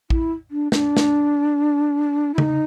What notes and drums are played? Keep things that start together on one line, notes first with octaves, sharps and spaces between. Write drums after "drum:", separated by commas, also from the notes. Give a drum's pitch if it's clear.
E4, drum: kick
D4
D4, drum: snare
drum: snare
E4
D#4, drum: tom C#3